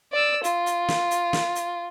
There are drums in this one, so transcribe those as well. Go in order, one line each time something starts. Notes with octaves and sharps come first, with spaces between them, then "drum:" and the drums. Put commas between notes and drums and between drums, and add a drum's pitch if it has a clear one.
D5 E6
F4, drum: hi-hat
drum: hi-hat
drum: snare
drum: hi-hat
drum: snare
drum: hi-hat